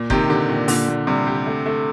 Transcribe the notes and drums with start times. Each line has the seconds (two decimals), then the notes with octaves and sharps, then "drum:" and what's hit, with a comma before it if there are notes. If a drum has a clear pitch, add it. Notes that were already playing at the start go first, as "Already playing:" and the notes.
Already playing: A#2
0.10 C3 D#3 G4, drum: kick F#1
0.30 D3 G4
0.49 A#2
0.68 A#2 D3, drum: open hi-hat
0.88 A#2
1.07 C3 G3
1.27 G4
1.46 A3
1.66 A3